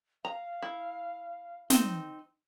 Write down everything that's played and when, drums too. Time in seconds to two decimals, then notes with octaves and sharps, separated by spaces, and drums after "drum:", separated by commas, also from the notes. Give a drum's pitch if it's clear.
0.25 F5 A#5
0.62 E4
1.70 C4 D#4, drum: snare